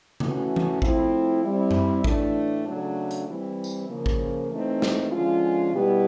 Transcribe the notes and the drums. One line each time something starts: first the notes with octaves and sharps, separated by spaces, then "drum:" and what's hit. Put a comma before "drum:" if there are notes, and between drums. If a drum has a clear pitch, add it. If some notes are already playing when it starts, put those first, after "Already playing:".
E3 A3 C#4 F#4, drum: tom C#3
drum: tom E3
F3 A3 C4 E4, drum: kick G#1
G3 C4 E4
drum: tom F#2
A2 E3 A3 D4, drum: kick G#1
C#3 F#3 A3 D4
drum: hi-hat
E3 G3 C4 E4
drum: tambourine
C#3 F3 A#3
drum: kick G#1
E3 A3 C4 D#4
drum: snare
D3 F3 G#3 C#4 F4
B2 G3 B3 E4 G4